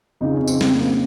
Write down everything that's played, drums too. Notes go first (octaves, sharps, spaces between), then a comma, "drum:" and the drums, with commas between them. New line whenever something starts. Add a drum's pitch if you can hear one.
F2 C#3 D#4
C#4
C4, drum: tambourine
C4, drum: snare
A#3